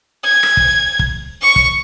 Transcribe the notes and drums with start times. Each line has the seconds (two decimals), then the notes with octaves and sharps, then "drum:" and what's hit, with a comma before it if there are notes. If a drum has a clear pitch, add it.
0.25 G#6
0.43 drum: rim click
0.57 drum: kick
0.99 drum: kick
1.42 C#6
1.56 drum: kick